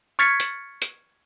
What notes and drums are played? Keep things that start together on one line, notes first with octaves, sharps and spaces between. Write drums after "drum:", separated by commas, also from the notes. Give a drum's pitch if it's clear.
C#6 F6 G#6 A6 B6 C#7
drum: hi-hat
drum: hi-hat